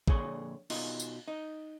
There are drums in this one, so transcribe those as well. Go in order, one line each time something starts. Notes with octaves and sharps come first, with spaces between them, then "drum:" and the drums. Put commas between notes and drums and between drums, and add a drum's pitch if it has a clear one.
F2 A#2 D3 G#4 C#5, drum: kick
B2 D#4 F4, drum: cymbal
drum: tambourine
D#4